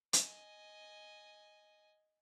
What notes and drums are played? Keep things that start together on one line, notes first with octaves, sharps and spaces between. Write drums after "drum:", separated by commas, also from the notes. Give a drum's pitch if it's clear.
D#5 G#5, drum: hi-hat